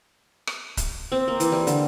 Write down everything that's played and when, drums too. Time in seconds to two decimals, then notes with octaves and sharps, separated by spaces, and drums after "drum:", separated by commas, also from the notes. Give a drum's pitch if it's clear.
0.47 drum: rim click
0.77 drum: kick C#1, hi-hat
1.12 C4
1.28 A#3
1.40 E3, drum: hi-hat
1.52 G3
1.67 D3, drum: hi-hat